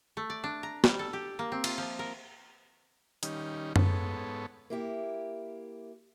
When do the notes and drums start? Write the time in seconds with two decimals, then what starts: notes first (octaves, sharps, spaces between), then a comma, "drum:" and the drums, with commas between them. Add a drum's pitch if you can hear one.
0.17 A3
0.30 D5
0.44 D4
0.63 A#5
0.84 G3, drum: snare
0.99 A4
1.13 G4
1.39 A#3
1.52 C4
1.64 F4, drum: cymbal
1.78 F3
1.99 A#4
3.23 D#3 G3 C#4 D#4, drum: hi-hat
3.76 G#2 B3 A4 C#5, drum: tom F#2
4.70 A#3 E4 G4